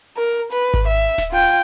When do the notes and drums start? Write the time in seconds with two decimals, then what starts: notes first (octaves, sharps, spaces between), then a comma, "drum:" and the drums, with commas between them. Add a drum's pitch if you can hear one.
0.17 A#4
0.51 B4, drum: hi-hat
0.74 drum: kick G#1, hi-hat
0.87 E5
1.18 drum: snare D1
1.31 F4 G5
1.40 drum: open hi-hat